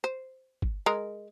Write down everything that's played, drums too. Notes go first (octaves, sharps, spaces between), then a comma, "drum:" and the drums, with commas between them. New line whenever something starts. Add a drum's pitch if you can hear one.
C5
drum: kick G1
G#3 A#4